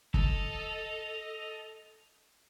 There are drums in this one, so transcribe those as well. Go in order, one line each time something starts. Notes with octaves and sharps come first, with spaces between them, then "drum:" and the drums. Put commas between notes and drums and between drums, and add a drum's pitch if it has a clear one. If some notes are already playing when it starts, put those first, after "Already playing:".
A4 D#5 F7, drum: kick